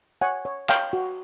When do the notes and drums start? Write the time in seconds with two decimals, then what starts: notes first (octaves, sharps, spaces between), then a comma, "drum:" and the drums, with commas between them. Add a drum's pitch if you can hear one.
0.21 C#5 F#5 G#5
0.45 C#5
0.69 C#5 F5 G5, drum: clap
0.93 F#4